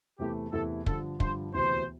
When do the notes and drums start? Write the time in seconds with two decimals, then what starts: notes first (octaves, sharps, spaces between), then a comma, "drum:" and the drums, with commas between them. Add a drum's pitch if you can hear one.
0.19 E2 C3 E3 A3 E4 G4
0.52 E2 C3 E3 A3 E4 A4
0.86 G2 D3 F3 A4, drum: kick
1.20 G2 D3 F3 C5, drum: kick
1.54 E1 D2 C3 E3 C5